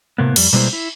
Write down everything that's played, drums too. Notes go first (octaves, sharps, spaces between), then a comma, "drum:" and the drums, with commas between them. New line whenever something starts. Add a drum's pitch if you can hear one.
A2 C3 A#3 B3
F2 G3, drum: cymbal
B2 G3 G#3 A#3 E4 C5
E4